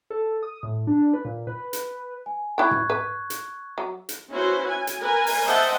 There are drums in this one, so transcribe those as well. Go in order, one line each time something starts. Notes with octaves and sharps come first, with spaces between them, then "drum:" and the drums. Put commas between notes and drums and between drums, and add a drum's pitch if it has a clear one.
A4
D#6
A2
D4
B4
A#2
B4
drum: hi-hat
G#5
E4 G5 C#6 F#6 G#6
drum: tom
B4
drum: hi-hat
F#3
drum: hi-hat
C#4 E4 F#4 B4 C5
G#5
drum: hi-hat
A#4 B4 G#5
drum: open hi-hat
C5 D#5 E5 F#5 G5 A5